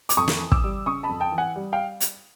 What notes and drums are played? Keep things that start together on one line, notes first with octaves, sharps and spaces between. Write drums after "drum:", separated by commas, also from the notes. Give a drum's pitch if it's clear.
D6, drum: hi-hat
F2 C#6 D#6
drum: snare
E3
D6 E6, drum: kick
G3
C#3 C#6 D#6
A5 B5
F2
G5 A5
E3
F#5 G#5
G3
F5 G5
drum: hi-hat